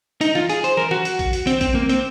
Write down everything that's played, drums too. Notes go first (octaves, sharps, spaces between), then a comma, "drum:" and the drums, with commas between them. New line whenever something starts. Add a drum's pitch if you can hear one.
D#4, drum: hi-hat
F4, drum: snare
G#4, drum: hi-hat
C5, drum: hi-hat
A#4, drum: snare
F#4, drum: snare
drum: hi-hat
drum: kick A#1, hi-hat
drum: hi-hat
C4, drum: hi-hat
C4, drum: kick A#1, hi-hat
A#3
C4, drum: hi-hat